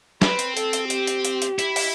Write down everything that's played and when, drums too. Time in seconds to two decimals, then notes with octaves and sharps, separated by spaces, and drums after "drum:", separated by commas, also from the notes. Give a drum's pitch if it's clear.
0.22 C4 B4, drum: snare
0.39 drum: hi-hat
0.57 A4, drum: hi-hat
0.73 drum: hi-hat
0.90 G4, drum: hi-hat
1.07 drum: hi-hat
1.25 drum: hi-hat
1.42 drum: hi-hat
1.59 E4, drum: hi-hat
1.76 drum: open hi-hat